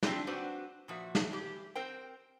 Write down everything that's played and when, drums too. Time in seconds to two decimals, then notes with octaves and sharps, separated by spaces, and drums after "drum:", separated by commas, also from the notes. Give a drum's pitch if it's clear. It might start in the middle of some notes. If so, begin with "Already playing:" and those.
0.03 C4 D4 F4 G4, drum: snare
0.27 C4 D4 F#4 B4 C5 D5
0.88 A#2 F3 F#4 E5
1.15 drum: snare
1.31 E3 G4
1.75 C4 A#4 C5 G5